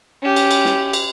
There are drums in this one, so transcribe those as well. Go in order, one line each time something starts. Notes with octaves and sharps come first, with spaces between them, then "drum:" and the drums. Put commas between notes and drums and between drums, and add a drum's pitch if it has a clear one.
C#4 G4
drum: cymbal
drum: cymbal
drum: snare
drum: cymbal